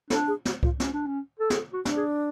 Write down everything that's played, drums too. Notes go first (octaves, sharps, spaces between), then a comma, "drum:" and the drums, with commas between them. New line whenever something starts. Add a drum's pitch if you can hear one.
D4 A4, drum: snare
G#4
F#4, drum: snare
F4, drum: kick C2
C#4, drum: snare
D4
C#4
A4
G#4 A4, drum: snare
F#4
D4, drum: snare
G#4